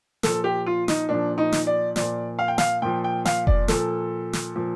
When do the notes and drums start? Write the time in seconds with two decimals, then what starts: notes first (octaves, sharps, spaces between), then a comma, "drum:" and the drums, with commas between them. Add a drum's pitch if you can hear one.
0.23 A#2 F3 A4, drum: snare
0.44 G4
0.66 F4
0.88 D#4, drum: snare
1.09 A#2 F3 D4
1.38 D#4
1.52 drum: snare
1.67 D5
1.96 A#2 F3 D5, drum: snare
2.39 F5
2.48 G5
2.58 F5, drum: snare
2.82 A#2 F3 G5
3.04 G5
3.25 F5, drum: snare
3.47 D5, drum: kick F1
3.68 A#2 F3 A4, drum: snare
4.33 drum: snare
4.55 A#2 F3